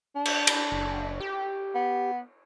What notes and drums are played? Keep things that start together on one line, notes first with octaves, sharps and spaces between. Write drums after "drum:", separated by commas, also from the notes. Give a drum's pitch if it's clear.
D4
drum: cymbal
drum: cymbal
F#1
G4
B3